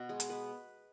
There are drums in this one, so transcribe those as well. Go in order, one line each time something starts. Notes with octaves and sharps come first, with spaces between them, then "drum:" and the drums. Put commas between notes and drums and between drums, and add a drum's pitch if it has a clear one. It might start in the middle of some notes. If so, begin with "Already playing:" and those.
Already playing: B2 B3 F#4
G#3 G#4
drum: hi-hat
B3 B4